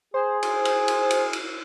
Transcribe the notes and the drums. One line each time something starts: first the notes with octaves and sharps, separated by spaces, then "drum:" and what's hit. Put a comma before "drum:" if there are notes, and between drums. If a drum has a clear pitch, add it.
G#4 C5
C5, drum: cymbal
drum: cymbal
drum: cymbal
drum: cymbal
drum: cymbal